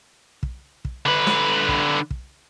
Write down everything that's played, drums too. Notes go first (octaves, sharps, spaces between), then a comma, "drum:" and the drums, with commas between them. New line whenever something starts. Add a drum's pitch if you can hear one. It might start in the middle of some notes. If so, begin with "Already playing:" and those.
drum: kick
drum: kick
D3 B4
drum: snare
drum: kick
drum: kick